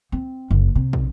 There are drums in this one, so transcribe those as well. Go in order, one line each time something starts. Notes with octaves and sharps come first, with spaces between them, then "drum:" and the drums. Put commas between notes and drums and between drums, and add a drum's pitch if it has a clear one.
C4
F#1
C3
drum: kick